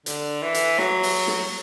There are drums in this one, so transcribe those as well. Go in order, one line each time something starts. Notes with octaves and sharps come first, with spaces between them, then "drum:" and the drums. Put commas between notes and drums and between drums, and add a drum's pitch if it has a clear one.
D3, drum: hi-hat
E3
drum: hi-hat
F#3, drum: snare
drum: open hi-hat
drum: snare